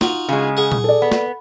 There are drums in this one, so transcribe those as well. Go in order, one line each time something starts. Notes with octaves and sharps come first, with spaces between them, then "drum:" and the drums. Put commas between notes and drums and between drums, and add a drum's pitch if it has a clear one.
D#4 F4 F#4, drum: snare
C#3 G#3
G#4 F#5
drum: tom A#2
A4 D5
B3
drum: snare